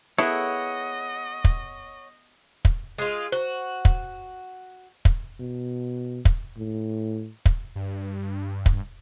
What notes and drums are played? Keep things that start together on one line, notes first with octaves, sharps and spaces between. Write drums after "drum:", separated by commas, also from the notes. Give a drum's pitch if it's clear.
B3 E4 G#4 A4 C#5 D#5 F#5
drum: kick
drum: kick
G#3 F4
F#4 C5
drum: kick
drum: kick
B2
drum: kick
A2
drum: kick
G2
drum: kick